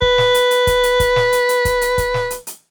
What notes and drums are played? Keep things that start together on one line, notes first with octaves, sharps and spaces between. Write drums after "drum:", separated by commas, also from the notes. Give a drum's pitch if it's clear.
B4, drum: kick
drum: snare
drum: hi-hat
drum: hi-hat
drum: kick, hi-hat
drum: hi-hat
drum: kick, hi-hat
drum: snare
drum: hi-hat
drum: hi-hat
drum: kick, hi-hat
drum: hi-hat
drum: kick, hi-hat
drum: snare
drum: hi-hat
drum: hi-hat